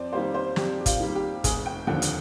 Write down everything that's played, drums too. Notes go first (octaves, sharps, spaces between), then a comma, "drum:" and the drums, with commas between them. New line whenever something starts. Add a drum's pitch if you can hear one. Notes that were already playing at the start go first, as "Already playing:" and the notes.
Already playing: F2 C5 D5
D#3 G3 A#3 C5
C5
F2 G4, drum: snare
G4
F4, drum: kick, hi-hat
D#3 G3 A#3
G4
F1 G#4, drum: kick, hi-hat
G5
D#2 D3 F3 G5
drum: hi-hat